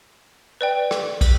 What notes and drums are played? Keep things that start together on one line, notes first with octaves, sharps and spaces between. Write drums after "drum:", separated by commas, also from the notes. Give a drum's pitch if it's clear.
B4 D5 G5
drum: rim click
drum: kick, cymbal